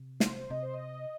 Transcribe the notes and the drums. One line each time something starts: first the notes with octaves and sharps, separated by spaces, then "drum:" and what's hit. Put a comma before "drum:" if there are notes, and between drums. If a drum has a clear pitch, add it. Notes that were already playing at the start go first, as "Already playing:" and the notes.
Already playing: C3
C5, drum: snare
C3 D#5
C5
D#5